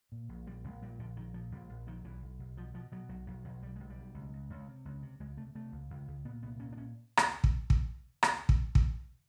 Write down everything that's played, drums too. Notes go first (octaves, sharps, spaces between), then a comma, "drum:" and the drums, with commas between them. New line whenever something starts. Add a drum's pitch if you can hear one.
A#2
A#1
A#1 G3
A#1 G#3
A#2 G3
A#1 D3
A#1 D#3
A#2 F3
A#1 G3
A#1
A#1 D#3
B1 E3
B1
B1
B2 F3
B2 F3
B2 F#3
B1 F#3
B1 F#3
B1 F#3
B1 G3
B1 G#3
G3
B1
C#2
C#2
C#2
C3
C#2
C3
C#2 G#3
C3 A3
C3 A3
C#2
C#2
C#2
A#2 B3
C2 B3
A#2 C#4
D4
C#4
drum: rim click
drum: kick
drum: kick
drum: rim click
drum: kick
drum: kick